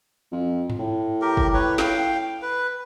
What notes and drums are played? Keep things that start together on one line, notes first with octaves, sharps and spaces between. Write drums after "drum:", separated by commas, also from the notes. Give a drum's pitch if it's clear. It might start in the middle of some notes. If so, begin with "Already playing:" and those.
F2
drum: tom G2
A2
G4 A#4
drum: kick
B4 C#5
F5 G5, drum: snare
B4